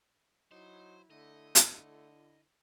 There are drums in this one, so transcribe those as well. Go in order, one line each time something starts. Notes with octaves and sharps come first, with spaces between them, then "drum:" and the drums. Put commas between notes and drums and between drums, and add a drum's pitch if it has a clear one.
F#3 D#4 E4 C5
D3 A3 D#5
drum: hi-hat